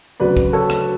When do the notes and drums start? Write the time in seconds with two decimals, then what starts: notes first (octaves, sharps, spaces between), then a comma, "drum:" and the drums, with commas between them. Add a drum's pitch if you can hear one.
0.20 D2 C#3 F#3 B4 D5
0.37 drum: kick
0.53 A4 C#5
0.70 drum: rim click